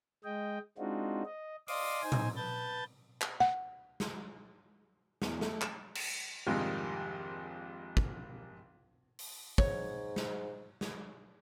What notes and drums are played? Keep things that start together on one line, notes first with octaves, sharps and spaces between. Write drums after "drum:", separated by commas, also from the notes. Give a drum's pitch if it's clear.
G#3 D#5 G5
G#3 C4 D4 D#4 F4 F#4
D#5
D5 D#5 F5 C6 D6 D#6, drum: open hi-hat
D#4 C5 G#5
drum: tom A2
B4 A5 G6 A6
drum: clap
F#5
drum: snare
E2, drum: snare
A3, drum: snare
E7, drum: clap
drum: cymbal
A#1 F2 G#2 C3 D#3 G3
drum: kick
drum: open hi-hat
G#2 C#5, drum: kick
drum: snare
drum: snare